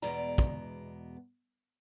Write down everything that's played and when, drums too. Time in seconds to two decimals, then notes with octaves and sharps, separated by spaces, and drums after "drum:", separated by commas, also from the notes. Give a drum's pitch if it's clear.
0.02 E2 B2 G#3 B3 D5 A#5
0.38 drum: kick